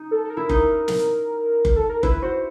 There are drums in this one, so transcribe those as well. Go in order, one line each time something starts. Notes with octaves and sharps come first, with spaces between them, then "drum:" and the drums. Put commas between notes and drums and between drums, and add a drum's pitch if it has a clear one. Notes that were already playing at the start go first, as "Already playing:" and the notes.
Already playing: D#4
A4
A4
A#4
E4
D#4, drum: kick F#1
drum: snare
drum: kick F#1
A4
A#4
E4 B4, drum: kick F#1
F#4 C5